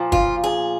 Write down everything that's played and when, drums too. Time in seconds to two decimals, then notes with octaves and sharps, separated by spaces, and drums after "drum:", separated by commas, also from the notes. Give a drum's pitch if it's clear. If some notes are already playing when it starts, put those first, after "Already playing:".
Already playing: A#2 F3
0.12 F4, drum: kick
0.44 G#4